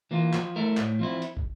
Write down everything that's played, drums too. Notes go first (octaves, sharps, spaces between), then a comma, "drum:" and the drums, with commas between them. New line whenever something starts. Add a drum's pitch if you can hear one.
E3 A#3 F4
F3, drum: clap
A3 E4 A#4
A2, drum: clap
F3 C4 E4
drum: hi-hat
drum: kick